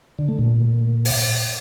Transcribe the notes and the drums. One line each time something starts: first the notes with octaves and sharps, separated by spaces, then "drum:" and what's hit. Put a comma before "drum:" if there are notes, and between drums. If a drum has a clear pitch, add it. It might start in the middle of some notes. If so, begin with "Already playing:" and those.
D3
A3
A#2
drum: open hi-hat